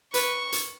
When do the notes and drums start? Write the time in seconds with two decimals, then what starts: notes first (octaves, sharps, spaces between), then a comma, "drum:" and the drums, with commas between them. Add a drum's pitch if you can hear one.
0.14 B4 C#6, drum: hi-hat
0.52 drum: hi-hat